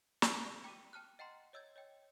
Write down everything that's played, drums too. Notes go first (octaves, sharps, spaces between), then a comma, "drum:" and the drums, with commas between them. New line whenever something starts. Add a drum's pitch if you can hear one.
drum: snare
G5 D6 B6 D#7
G5 A5 F6 F#6
D#5 F#5 G5 A#5 C6
C#5 D#5 E6 G6 G#6
C#5 D#5 G5